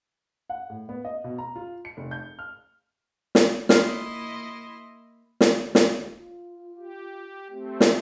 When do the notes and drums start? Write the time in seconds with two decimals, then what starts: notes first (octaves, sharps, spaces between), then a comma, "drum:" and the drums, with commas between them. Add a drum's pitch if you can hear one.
0.50 F#5
0.70 A2
0.89 B3
1.05 D#5
1.24 B2
1.38 A#5
1.56 F4
1.85 C#7
1.97 F1
2.11 G6
2.39 F6
3.35 drum: snare
3.69 A#3 E4 D#5 C6 F6 C7, drum: snare
5.41 drum: snare
5.56 D#2
5.75 drum: snare
6.10 F4
6.78 G4
7.50 A3 C4 G4
7.80 drum: snare